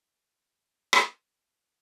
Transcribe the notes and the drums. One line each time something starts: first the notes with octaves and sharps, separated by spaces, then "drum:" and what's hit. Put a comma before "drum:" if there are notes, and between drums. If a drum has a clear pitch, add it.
F4 A#4 A5 C#6
F#3 F4
drum: rim click
A2 C3 C4 G4
A#3 D#4 F#4 G4 A4
C#4 D#4 E4